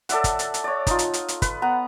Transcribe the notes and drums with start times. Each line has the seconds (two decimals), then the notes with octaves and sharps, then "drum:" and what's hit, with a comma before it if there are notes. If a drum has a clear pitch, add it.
0.09 A4 D5 E5 F#5, drum: hi-hat
0.24 drum: kick, hi-hat
0.39 drum: hi-hat
0.54 drum: hi-hat
0.64 C#5 D5
0.87 D#4 F4, drum: kick, hi-hat
0.99 drum: hi-hat
1.14 drum: hi-hat
1.28 drum: hi-hat
1.42 B4, drum: kick, hi-hat
1.62 B3 F#5 A#5